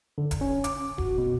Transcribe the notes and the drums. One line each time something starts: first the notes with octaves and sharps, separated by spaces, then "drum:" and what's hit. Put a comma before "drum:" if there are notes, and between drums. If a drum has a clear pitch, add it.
D3
drum: kick D1, hi-hat
C#4
D6, drum: hi-hat
F#4, drum: kick D1
B2